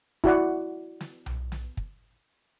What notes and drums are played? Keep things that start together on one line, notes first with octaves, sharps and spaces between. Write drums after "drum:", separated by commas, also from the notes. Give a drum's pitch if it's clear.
E4 F#4 D5 F#5, drum: kick
drum: snare
drum: tom B1
drum: snare
drum: kick